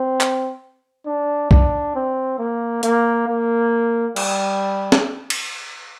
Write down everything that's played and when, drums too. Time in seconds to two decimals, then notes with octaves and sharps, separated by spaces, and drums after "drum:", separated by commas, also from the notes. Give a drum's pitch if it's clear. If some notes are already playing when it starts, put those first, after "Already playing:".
Already playing: C4
0.21 drum: clap
1.06 D4
1.51 D4, drum: kick
1.95 C4
2.38 A#3
2.83 A#3, drum: hi-hat
3.27 A#3
4.16 G3, drum: cymbal
4.92 drum: snare
5.30 drum: cymbal